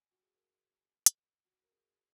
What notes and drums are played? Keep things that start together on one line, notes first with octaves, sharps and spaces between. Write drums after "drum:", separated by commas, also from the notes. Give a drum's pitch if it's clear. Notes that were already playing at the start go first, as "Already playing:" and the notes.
Already playing: G#5
F#4
G#4
A#4
drum: hi-hat
F#4
A#4
G#4